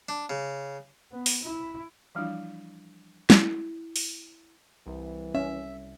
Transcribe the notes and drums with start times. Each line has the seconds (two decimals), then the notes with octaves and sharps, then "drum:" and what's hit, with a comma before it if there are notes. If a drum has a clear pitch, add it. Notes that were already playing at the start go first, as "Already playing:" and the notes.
0.09 D4
0.30 C#3
1.11 B3
1.26 drum: open hi-hat
1.43 E4
2.15 E3 F3 G3 D4 E4 F4
3.30 E4, drum: snare
3.96 drum: open hi-hat
4.86 C2 E3
5.35 C#4 E5